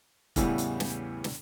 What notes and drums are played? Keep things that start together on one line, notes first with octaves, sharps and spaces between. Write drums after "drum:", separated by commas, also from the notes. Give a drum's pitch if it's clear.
E2 A2 C#3 E3 G3 B3, drum: kick F1, hi-hat
drum: hi-hat
drum: snare
drum: snare